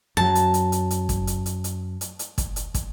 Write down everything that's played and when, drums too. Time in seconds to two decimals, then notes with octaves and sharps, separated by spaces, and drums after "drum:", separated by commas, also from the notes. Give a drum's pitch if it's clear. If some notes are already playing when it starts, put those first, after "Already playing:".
0.17 F#2 F#3 A5
0.35 drum: hi-hat
0.54 drum: hi-hat
0.72 drum: hi-hat
0.91 drum: hi-hat
1.09 drum: kick, hi-hat
1.27 drum: hi-hat
1.46 drum: hi-hat
1.64 drum: hi-hat
2.01 drum: hi-hat
2.19 drum: hi-hat
2.38 drum: kick, hi-hat
2.56 drum: hi-hat
2.74 drum: kick, hi-hat